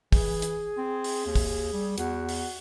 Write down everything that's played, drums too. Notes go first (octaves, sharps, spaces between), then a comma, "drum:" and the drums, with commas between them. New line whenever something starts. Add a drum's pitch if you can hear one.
E3 G#4, drum: kick, open hi-hat
drum: hi-hat
C4
drum: open hi-hat
D#2
drum: kick, open hi-hat
G3
E2 F#4, drum: hi-hat
drum: open hi-hat